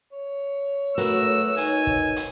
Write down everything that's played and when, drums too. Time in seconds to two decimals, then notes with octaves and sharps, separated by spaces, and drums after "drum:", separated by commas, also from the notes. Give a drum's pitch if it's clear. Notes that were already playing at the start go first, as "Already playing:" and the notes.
0.12 C#5
0.98 A3 F#4 A#4 B4 E6, drum: hi-hat
1.57 D#4 G#5, drum: hi-hat
1.87 drum: kick
2.16 drum: hi-hat